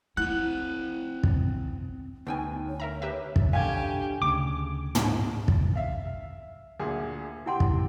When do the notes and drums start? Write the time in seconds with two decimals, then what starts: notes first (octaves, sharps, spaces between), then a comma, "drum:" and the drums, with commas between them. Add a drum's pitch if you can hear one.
0.17 C4 E4 F#5 F#6
1.23 drum: kick
2.27 D2 B3 D#4 G5 G#5
2.68 C#5
2.80 A#4 E5 A#5
3.02 G4 B4 E5
3.36 drum: kick
3.53 D3 G3 C#4 G4 F5 G#5 G#6
4.22 D2 C#3 D6
4.95 drum: tom
5.48 drum: kick
5.76 E5 F5
6.80 D2 A#2 G#4
7.46 C3 E4 F#5 G5 C6
7.60 drum: kick